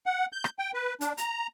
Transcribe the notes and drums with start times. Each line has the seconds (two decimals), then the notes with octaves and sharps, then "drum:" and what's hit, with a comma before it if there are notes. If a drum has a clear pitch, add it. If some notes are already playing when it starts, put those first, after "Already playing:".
0.06 F#5
0.33 G6
0.44 drum: rim click
0.59 G5
0.74 B4
1.01 D4, drum: hi-hat
1.17 A#5, drum: hi-hat